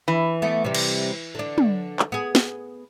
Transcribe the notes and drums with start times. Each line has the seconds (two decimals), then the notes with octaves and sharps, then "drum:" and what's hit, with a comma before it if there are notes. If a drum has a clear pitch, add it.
0.08 E3
0.42 A3 B3
0.64 C3 G3
0.75 drum: cymbal
1.35 D3 D4
1.58 drum: tom
1.99 drum: clap
2.12 B3 G#4
2.35 drum: snare